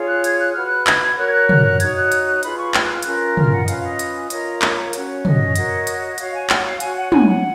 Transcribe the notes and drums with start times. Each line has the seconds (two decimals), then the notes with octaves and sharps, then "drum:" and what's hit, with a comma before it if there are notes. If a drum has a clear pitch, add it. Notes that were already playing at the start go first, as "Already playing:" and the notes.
Already playing: F4 G#4 C#5
0.08 F#6
0.24 G#6, drum: hi-hat
0.39 F#6
0.53 F#4 B4 F6
0.66 F#6
0.87 G#6, drum: clap
1.02 G#6
1.17 F#4 A#4 C#5 F#6
1.26 G#6
1.33 F#6
1.49 F#6, drum: tom
1.65 F#6
1.80 D#4 F#4 C#5 G#6, drum: hi-hat
1.96 F#6
2.12 drum: hi-hat
2.43 F4 G#4 B4 B5, drum: hi-hat
2.59 C#6
2.74 G#6, drum: clap
2.84 F#6
2.93 F6
3.02 C#4 F4 A#4 F#6, drum: hi-hat
3.37 F6, drum: tom
3.52 F#5
3.63 D#5
3.68 C#4 F4 B4 F5, drum: hi-hat
3.83 D#5
3.99 drum: hi-hat
4.30 F4 A#4 C#5, drum: hi-hat
4.62 C#5, drum: clap
4.93 C#4 F#4 C#5, drum: hi-hat
5.25 D#5, drum: tom
5.56 F#4 A#4 C#5, drum: hi-hat
5.87 drum: hi-hat
6.18 F#4 C#5 F5, drum: hi-hat
6.34 G#5
6.50 F#5, drum: clap
6.65 F5
6.80 F#4 C#5 G#5, drum: hi-hat
6.96 F#5
7.12 G#5, drum: tom
7.28 F#5